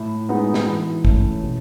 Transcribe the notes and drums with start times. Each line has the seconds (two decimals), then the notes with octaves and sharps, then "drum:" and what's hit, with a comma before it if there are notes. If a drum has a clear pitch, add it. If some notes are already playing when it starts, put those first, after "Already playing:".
Already playing: A2
0.29 G#3 B3 D#4 F#4
0.54 drum: snare
0.67 E3
1.05 A3 C#4, drum: kick
1.43 B2